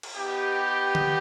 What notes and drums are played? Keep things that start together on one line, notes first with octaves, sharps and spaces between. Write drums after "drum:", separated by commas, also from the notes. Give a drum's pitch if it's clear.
drum: cymbal
B3 D#4 G4
drum: tom D3